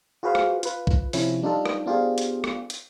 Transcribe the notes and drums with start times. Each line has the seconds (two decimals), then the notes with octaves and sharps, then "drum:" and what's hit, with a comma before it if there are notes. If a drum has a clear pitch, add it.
0.23 F4 F#4 G#4 B4 C5 F5
0.35 drum: rim click
0.63 F4 B4, drum: hi-hat
0.87 drum: kick
1.13 C3 F3 C#4 E4, drum: open hi-hat
1.42 G3 D4 D#4 F4 A4
1.66 drum: rim click
1.86 B3 D4 F4 G4 G#4 C5
2.18 drum: hi-hat
2.44 drum: rim click
2.70 drum: hi-hat